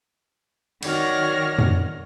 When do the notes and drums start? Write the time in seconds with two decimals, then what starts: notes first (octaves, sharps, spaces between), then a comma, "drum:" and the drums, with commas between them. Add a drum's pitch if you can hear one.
0.83 D#3 F#4 C#5 D5 F6 A#6, drum: cymbal
1.59 drum: tom F2